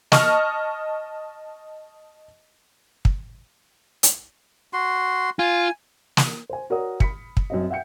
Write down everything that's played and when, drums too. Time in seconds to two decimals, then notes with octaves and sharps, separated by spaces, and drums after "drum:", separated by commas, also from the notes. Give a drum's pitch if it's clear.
0.12 D#5 A5 C#6 F6, drum: snare
3.05 drum: kick
4.03 drum: hi-hat
4.73 F#4 C6
5.39 F4 G#5
6.17 drum: snare
6.50 C5 G#5
6.70 F#4 A#4 C#5 D5 F#5 D#6
7.00 B5 B6 C#7, drum: kick
7.37 drum: kick
7.50 F#2 C4 D#5
7.70 E5 F#5 G5 G6 C#7